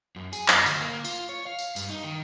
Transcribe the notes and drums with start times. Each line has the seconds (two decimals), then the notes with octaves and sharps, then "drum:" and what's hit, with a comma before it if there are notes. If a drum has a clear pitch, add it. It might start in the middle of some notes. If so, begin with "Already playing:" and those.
0.16 F#2
0.33 G#4, drum: tambourine
0.48 F#2, drum: clap
0.66 D2, drum: tambourine
0.81 A#3
1.04 F4, drum: tambourine
1.29 C#5
1.46 F5
1.59 drum: tambourine
1.76 G2, drum: tambourine
1.90 D#4
2.04 D#3